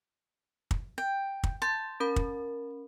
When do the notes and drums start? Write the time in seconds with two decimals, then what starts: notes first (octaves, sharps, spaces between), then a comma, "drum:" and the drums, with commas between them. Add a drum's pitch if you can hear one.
0.71 drum: kick
0.98 G5
1.44 drum: kick
1.62 A5 C6 G6
2.00 C#4 A#4 B5
2.16 drum: kick